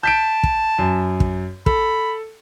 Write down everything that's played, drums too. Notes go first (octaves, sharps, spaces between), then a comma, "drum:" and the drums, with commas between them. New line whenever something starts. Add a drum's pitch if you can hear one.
A5 G6 B6 D7
drum: kick
F#2
drum: kick
A4 B5, drum: kick